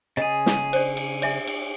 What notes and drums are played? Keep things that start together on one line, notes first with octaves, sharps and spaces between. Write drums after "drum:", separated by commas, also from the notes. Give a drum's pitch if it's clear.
C#3 G#4 D#5
drum: snare
C5 D5, drum: cymbal
drum: cymbal
D5 E5 G#5, drum: cymbal
drum: cymbal